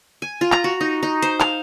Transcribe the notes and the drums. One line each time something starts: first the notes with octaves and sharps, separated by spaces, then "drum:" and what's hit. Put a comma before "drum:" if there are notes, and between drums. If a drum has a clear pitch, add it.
G#5
F4
A#5, drum: clap
F#4
D#4
D#4
C5, drum: hi-hat
F5, drum: clap